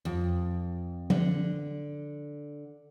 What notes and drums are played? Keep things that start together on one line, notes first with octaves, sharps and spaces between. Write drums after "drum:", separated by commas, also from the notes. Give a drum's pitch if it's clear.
F2
D3, drum: tom F3